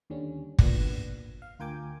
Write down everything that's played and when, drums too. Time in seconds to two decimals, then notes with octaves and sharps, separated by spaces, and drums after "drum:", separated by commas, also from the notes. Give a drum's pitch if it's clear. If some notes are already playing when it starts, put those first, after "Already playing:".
0.10 D#2 D3 G3 C#4
0.59 A1 A#2 B3 D4 F#6 A#6, drum: kick
1.42 F5
1.59 D2 F4 A#4 G5 G#5 D6